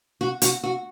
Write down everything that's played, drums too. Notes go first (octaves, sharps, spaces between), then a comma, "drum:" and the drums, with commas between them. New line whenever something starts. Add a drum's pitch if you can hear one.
F#4
F#4, drum: hi-hat
F#4